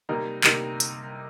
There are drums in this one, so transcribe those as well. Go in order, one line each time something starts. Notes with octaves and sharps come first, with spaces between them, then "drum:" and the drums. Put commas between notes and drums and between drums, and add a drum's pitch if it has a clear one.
C3 G3 A#3 D#4
C3 G3 A#3 D#4, drum: clap
drum: hi-hat